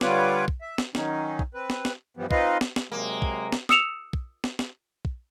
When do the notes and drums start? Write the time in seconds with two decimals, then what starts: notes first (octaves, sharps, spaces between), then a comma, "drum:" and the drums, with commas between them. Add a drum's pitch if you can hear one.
0.01 D3 G3 F4 B4 C#5 D6, drum: snare
0.48 drum: kick
0.61 E5
0.78 drum: snare
0.95 D#3 F#3 C#4 D#4, drum: snare
1.39 drum: kick
1.54 C4 B4
1.70 drum: snare
1.85 drum: snare
2.17 G2 E3 F3 G3 B3
2.31 C4 D#4 F4 B4 D#5 F5, drum: kick
2.61 drum: snare
2.76 drum: snare
2.92 C3 F#3 G#3 A#3
3.22 drum: kick
3.52 drum: snare
3.69 D#6 E6 C#7 E7 F7, drum: snare
4.13 drum: kick
4.44 drum: snare
4.59 drum: snare
5.05 drum: kick